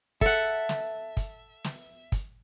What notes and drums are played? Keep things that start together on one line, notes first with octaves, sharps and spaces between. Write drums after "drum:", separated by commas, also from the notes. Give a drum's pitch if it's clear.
A4 E5 F#5, drum: kick, hi-hat
drum: snare
drum: kick, hi-hat
drum: snare
drum: kick, hi-hat